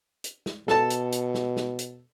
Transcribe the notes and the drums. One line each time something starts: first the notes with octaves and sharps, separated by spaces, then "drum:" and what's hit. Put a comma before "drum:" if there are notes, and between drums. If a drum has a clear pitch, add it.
drum: hi-hat
drum: snare
B2 A4 A5, drum: snare
drum: hi-hat
drum: hi-hat
drum: snare
drum: snare
drum: hi-hat